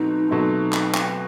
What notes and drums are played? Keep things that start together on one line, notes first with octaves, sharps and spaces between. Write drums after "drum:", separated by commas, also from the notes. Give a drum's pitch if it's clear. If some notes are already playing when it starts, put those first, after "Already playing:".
Already playing: B2 F#3 A3 C4 D#4
B2 F#3 A3 C4
drum: clap
drum: clap